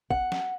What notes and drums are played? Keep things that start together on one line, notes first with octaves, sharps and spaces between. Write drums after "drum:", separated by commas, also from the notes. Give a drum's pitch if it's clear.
F#5, drum: kick
drum: snare